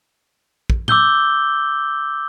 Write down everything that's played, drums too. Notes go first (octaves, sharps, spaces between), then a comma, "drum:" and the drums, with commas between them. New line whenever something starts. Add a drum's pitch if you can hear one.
drum: kick
D6 E6 G6 G7, drum: tom A2